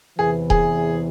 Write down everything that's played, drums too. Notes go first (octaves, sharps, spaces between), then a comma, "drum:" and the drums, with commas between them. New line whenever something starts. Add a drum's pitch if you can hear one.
E2 C3 E3 G#4
G#4, drum: kick D#1